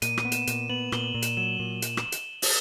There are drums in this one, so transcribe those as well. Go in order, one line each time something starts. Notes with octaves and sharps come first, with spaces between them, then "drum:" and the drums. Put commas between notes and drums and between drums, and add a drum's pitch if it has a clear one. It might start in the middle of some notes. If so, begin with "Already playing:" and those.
A#2 D#7, drum: hi-hat
D#7, drum: rim click
B3
E7, drum: hi-hat
A#2 E7, drum: hi-hat
B3 F#7
A#2 G7, drum: rim click
A#2
E7, drum: hi-hat
F#3 E7
A#2
drum: hi-hat
drum: rim click
drum: hi-hat
drum: open hi-hat